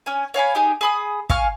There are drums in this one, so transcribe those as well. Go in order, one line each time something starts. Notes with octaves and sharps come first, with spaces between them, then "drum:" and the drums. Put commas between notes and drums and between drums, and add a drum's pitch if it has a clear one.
C#4 G#5
C#5 F5 G#5 B5
D#4 G4 G#4
G#4 B5 D#6
F5 G#5 C#6 F6, drum: kick